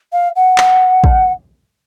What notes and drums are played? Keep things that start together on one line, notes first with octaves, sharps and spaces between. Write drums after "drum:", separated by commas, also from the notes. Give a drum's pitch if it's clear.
F5
F#5
drum: clap
drum: kick